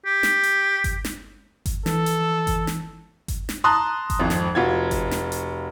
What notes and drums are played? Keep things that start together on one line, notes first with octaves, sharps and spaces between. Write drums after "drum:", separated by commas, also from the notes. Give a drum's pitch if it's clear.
G4
drum: snare
drum: hi-hat
drum: kick G1, hi-hat
drum: snare
drum: kick G1, hi-hat
E3 A4, drum: snare
drum: hi-hat
drum: kick G1, hi-hat
drum: snare
drum: kick G1, hi-hat
drum: snare
A5 A#5 C6 D#6 F#6
drum: kick G1, hi-hat
G#1 F2
drum: snare
F1 F4 F#4 G#6
drum: kick G1, hi-hat
drum: snare
drum: hi-hat